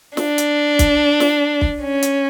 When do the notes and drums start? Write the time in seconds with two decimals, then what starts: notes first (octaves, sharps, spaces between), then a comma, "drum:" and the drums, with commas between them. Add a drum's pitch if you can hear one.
0.17 D4, drum: snare
0.38 drum: hi-hat
0.79 drum: kick, hi-hat
1.20 drum: snare
1.61 drum: kick
1.83 C#4
2.02 drum: hi-hat